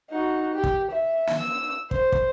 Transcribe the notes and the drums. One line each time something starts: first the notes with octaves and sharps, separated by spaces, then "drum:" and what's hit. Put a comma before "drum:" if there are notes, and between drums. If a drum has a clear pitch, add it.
D#4 F#4
G4
drum: kick
E5
drum: snare
E6
C5, drum: kick
drum: kick